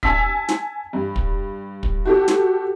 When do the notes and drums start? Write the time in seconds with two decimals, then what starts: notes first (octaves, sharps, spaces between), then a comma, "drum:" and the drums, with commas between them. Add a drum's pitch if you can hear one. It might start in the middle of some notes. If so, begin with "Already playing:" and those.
0.03 G#5 A5 E6 B6, drum: kick
0.48 drum: snare
0.93 G2
1.16 drum: kick
1.83 drum: kick
2.05 F#4 G4 A4
2.28 drum: snare